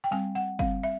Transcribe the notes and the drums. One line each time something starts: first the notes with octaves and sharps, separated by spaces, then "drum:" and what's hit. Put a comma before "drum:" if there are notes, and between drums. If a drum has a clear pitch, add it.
G5
G3 C4 G#5
F#5
G3 C4 F5, drum: kick G1
E5